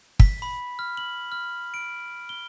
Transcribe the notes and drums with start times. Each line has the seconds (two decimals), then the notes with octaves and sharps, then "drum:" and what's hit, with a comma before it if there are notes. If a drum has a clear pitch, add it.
0.20 B6, drum: kick
0.42 B5
0.79 F6
0.97 F#7
1.32 F6
1.74 D7
2.29 G7